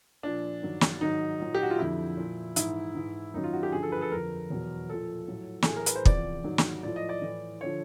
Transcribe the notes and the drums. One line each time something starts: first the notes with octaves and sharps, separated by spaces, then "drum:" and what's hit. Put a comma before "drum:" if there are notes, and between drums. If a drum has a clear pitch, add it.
A#2 F3 D4
G2 D#3 F#3
drum: snare
G#2 D#3 F#3 D#4
A#2 F#3
G4
F#4
F4
F2 D3 F3 E4
A#2 F3
G#2 E3 E4, drum: hi-hat
G#2 E3
F#2 D#3 F#3 D#4
F4
F#4
G4
G2 D3 F3 G#4
A4
B4
G#4
A4
F2 D3 F3 A#4
E2 B2 F#3
A#2 F3 A4
A2 F#3
A4, drum: snare
A2 E3 G#4
A#4
B4, drum: hi-hat
C5
E2 C3 F3 D5, drum: kick
G#2 D#3 F#3
drum: snare
A2 F3 D5
D#5
D5
A2 E3
D3 F3 C#5